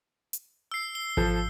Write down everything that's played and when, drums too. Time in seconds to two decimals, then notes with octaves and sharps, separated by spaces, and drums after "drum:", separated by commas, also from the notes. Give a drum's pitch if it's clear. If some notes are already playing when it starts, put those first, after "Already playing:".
0.33 drum: hi-hat
0.72 E6 C7
0.95 G7
1.17 F3 A4 G6, drum: kick G#1